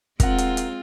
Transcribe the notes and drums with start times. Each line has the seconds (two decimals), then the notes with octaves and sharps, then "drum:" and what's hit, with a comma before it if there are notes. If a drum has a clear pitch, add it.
0.20 G#3 C4 F4 A#4 F#5, drum: kick, hi-hat
0.38 drum: hi-hat
0.57 drum: hi-hat